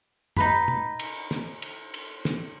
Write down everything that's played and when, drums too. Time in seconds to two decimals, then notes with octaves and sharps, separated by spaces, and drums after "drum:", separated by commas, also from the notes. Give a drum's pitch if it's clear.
0.37 D#4 B4 B5, drum: tom F#2
0.68 drum: tom
0.99 drum: cymbal
1.31 drum: snare
1.62 drum: cymbal
1.94 drum: cymbal
2.25 drum: snare